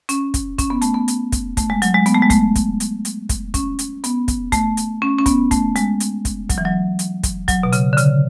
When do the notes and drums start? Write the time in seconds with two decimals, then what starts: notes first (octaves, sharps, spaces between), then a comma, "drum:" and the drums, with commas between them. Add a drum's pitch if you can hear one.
0.09 C#4, drum: hi-hat
0.34 drum: kick, hi-hat
0.59 C#4, drum: kick, hi-hat
0.70 B3
0.82 A3, drum: hi-hat
0.94 B3
1.08 drum: hi-hat
1.32 drum: kick, hi-hat
1.57 A3, drum: kick, hi-hat
1.70 G#3
1.82 F#3, drum: hi-hat
1.94 G#3
2.06 B3, drum: hi-hat
2.14 A3
2.22 G#3
2.30 A3, drum: kick, hi-hat
2.55 drum: kick, hi-hat
2.80 drum: hi-hat
3.05 drum: hi-hat
3.29 drum: kick, hi-hat
3.54 C#4, drum: kick, hi-hat
3.79 drum: hi-hat
4.04 B3, drum: hi-hat
4.28 drum: kick, hi-hat
4.52 A3, drum: kick, hi-hat
4.77 drum: hi-hat
5.02 C#4
5.19 C#4
5.26 B3, drum: kick, hi-hat
5.51 A3, drum: kick, hi-hat
5.76 G#3, drum: hi-hat
6.00 drum: hi-hat
6.25 drum: kick, hi-hat
6.50 F#3, drum: kick, hi-hat
6.58 E3
6.65 F#3
6.99 drum: hi-hat
7.23 drum: kick, hi-hat
7.48 F#3, drum: kick, hi-hat
7.63 B2
7.73 C#3, drum: hi-hat
7.93 D3
7.97 C#3, drum: hi-hat